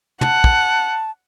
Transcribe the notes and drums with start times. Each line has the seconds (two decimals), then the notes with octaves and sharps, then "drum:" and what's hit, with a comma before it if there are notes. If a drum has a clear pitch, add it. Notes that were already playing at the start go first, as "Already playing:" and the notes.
0.21 F#5 A5, drum: tom
0.44 drum: kick